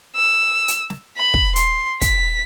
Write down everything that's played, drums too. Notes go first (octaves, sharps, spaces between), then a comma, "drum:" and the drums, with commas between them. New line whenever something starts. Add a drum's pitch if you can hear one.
E6
drum: hi-hat
drum: snare
B5
drum: kick
C6, drum: hi-hat
B6, drum: kick, hi-hat